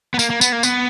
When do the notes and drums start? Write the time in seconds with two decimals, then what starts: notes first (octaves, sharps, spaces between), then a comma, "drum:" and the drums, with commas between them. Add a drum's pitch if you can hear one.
0.14 B3
0.19 A#3, drum: tambourine
0.30 A#3
0.41 B3, drum: tambourine
0.52 A#3
0.63 B3, drum: tambourine